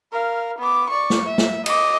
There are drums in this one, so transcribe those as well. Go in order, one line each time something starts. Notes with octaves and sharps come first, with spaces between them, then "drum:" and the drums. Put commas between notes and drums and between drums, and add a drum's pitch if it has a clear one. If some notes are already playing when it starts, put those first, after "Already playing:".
A#4 F5
B3 D6
D5 C#6
drum: snare
E5
drum: snare
D#5 D6, drum: cymbal